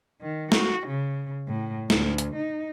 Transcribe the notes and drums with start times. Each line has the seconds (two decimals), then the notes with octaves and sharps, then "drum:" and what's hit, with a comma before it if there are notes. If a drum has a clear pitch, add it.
0.21 D#3
0.52 F#4, drum: snare
0.87 C#3
1.48 A2
1.90 D2, drum: snare
2.18 drum: hi-hat
2.36 D#4